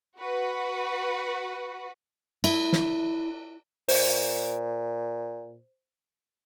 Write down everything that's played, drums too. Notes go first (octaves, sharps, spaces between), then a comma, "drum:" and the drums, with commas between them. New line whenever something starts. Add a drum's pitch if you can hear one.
F#4 B4
E4, drum: cymbal
drum: snare
A#2 C5, drum: open hi-hat